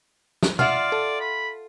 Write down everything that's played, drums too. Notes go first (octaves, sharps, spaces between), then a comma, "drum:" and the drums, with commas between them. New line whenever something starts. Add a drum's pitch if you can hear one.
drum: snare
F4 D5 E5 F#5 F6, drum: tom B2
A4
B5